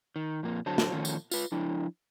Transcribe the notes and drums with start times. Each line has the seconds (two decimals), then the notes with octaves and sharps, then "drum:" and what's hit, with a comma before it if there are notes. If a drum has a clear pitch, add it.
0.16 D#3
0.43 F2 A#2 A#3
0.66 D3 F#3 C5 A5
0.78 drum: snare
0.92 D#3 F3 A3 C#4 F4
1.05 drum: tambourine
1.31 F4 B4, drum: tambourine
1.52 F3 D4 E4